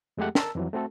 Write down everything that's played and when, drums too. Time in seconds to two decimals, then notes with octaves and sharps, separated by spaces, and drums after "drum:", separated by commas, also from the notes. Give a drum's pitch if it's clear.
0.17 F2 G#3 A3 G4 F#5
0.35 A#4 A5 E6, drum: snare
0.55 F2 E3 F#3
0.73 A3 C4 F#4 A4